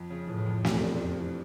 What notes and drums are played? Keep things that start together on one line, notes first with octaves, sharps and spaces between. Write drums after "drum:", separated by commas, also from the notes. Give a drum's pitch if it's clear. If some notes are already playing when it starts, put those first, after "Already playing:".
Already playing: F2
C#3
A2 E3
F2
E2 C3, drum: snare
D4
F2 D4
E3